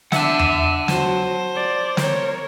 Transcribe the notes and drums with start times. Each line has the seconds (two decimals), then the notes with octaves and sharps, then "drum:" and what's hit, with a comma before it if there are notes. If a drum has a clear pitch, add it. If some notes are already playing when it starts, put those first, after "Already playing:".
0.12 D4 E5 F#5 A5, drum: snare
0.39 drum: tom E2
0.88 F#3 F#4 C5, drum: snare
1.55 D5
1.97 A#4 C#5, drum: snare